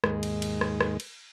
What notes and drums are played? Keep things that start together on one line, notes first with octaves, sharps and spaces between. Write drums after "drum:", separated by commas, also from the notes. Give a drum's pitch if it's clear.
D#2 G#2 G#3, drum: rim click
drum: cymbal
drum: cymbal
drum: rim click
drum: rim click
drum: cymbal